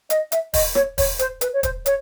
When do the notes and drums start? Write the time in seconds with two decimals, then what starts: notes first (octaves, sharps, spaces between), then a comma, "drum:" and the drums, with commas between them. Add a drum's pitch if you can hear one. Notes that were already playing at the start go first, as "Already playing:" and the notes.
0.10 D#5, drum: hi-hat
0.32 E5, drum: hi-hat
0.54 D#5, drum: kick, open hi-hat
0.75 C#5, drum: rim click
0.98 C#5, drum: kick, open hi-hat
1.19 C5, drum: hi-hat
1.41 B4, drum: hi-hat
1.53 C#5
1.63 C5, drum: kick, hi-hat
1.86 C#5, drum: hi-hat